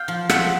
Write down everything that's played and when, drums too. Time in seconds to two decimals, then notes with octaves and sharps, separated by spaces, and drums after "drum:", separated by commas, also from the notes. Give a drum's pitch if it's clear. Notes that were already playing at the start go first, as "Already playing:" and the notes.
Already playing: F5 G5
0.08 F3
0.29 F3 E5 F#5, drum: rim click